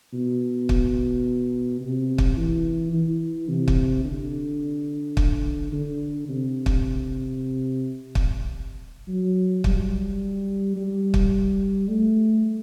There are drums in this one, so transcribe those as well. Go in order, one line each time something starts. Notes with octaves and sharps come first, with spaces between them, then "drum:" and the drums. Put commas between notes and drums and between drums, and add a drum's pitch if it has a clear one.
B2
drum: kick
C3
drum: kick
E3
E3
C3
drum: kick
D3
drum: kick
D3
C3
drum: kick
drum: kick
F#3
G3, drum: kick
G3
drum: kick
A3